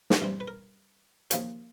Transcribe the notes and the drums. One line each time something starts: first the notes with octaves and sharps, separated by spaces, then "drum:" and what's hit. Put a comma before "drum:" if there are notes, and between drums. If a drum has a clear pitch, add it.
drum: snare
G2 E3 G3 C4
B4
A#4
D#2 C#3 F3 A#3 C#4, drum: hi-hat